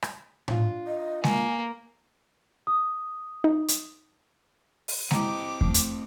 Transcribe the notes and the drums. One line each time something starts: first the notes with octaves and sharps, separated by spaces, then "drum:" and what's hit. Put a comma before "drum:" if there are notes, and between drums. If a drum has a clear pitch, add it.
drum: rim click
D4 F4, drum: tom A2
D#5
A#3 G#5, drum: snare G#3
D#6
D#4
drum: hi-hat
drum: open hi-hat
C4 E4 G4 D#5 A#5 D6, drum: snare G#3
A3, drum: kick E2
drum: hi-hat